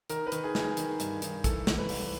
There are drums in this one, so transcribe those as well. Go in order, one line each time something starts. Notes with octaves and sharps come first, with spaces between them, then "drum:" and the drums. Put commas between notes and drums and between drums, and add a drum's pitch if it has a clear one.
D#3 A#4, drum: hi-hat
B4
D#3, drum: hi-hat
G#4
D#3 G#4, drum: snare
D#3, drum: hi-hat
G2, drum: hi-hat
D#3, drum: hi-hat
E3 A4, drum: kick, hi-hat
E3, drum: snare
B4
C2, drum: open hi-hat